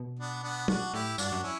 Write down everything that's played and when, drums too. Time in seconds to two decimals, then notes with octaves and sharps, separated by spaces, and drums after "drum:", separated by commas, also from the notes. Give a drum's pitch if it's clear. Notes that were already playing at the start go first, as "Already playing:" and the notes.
Already playing: B2
0.19 B3 D4
0.43 B3 D4
0.68 D4 F#4, drum: tom F#3
0.94 A2 E4 G4
1.18 G2 D4 F#4, drum: tambourine
1.32 F#2
1.43 C#4 E4